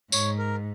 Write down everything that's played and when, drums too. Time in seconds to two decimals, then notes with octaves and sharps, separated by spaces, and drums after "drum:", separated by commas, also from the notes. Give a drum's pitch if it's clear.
0.12 G#2 C#5, drum: tambourine
0.38 A#4